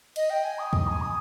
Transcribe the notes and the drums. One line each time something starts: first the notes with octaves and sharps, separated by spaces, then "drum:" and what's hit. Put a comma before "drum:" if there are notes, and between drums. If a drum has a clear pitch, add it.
D#5, drum: cymbal
G5
G#5
D#6
D#6, drum: kick
G#5
D#6